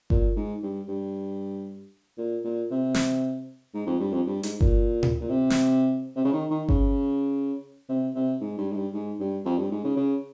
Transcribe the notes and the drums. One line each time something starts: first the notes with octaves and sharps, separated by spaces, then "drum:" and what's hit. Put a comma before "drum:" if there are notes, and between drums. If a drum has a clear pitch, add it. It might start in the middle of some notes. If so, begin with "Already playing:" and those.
A#2, drum: kick G1
G#2
G2
G2
A#2
A#2
C3
drum: snare
G#2
F2
G2
F2
G2
G#2, drum: hi-hat
A#2, drum: kick G1
drum: tom A2
A#2
C3
drum: snare
C3
C#3
D#3
D#3
C#3, drum: kick G1
C3
C3
G#2
G2
G#2
G2
G#2
G2
F2
G2
G#2
C#3
C#3